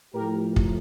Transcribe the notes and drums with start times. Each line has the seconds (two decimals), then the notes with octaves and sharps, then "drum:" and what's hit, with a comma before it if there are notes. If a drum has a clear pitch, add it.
0.14 A2 F3 G4 A#4
0.56 drum: kick